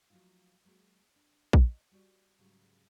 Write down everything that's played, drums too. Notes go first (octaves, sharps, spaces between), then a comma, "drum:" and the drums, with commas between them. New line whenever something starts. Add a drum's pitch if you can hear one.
F3 F#3 A3 D#4 F4
F#3 G#3 A#3 F#4
D4
D5 D#5, drum: kick A#1
G3 F#4 G4 D5
G#2 C#3 F#3 G3